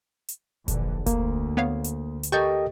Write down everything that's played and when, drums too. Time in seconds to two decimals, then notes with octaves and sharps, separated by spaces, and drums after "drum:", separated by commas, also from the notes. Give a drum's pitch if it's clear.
0.28 drum: hi-hat
0.68 A#1 D3 E3, drum: kick F1, hi-hat
1.06 D2 A#3, drum: kick F1, hi-hat
1.57 B3 C#5 F5
1.84 drum: hi-hat
2.23 drum: hi-hat
2.32 G4 A4 A#4 D#5 G5 C#6 G6 A6